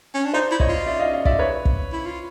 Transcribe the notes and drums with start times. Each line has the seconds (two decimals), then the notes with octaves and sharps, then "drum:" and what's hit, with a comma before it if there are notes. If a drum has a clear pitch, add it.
0.14 C#4
0.25 D4
0.33 D#4 C5 D5
0.51 E4
0.60 C#5 D#5, drum: kick
0.69 F4
0.86 D5 E5
0.99 D#5 F5
1.13 D#5 F5
1.25 D5 E5, drum: kick
1.39 B4 C#5
1.65 drum: kick
1.92 E4
2.06 F4